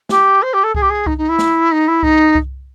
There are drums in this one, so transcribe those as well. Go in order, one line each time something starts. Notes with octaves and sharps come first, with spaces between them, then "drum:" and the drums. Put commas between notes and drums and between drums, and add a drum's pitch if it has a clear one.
G4, drum: snare
C5
G4
A4
G#4, drum: kick C2
G4
G#4
D#4, drum: kick C2
D#4
E4
drum: snare
D#4
E4
D#4, drum: kick C2
drum: kick C2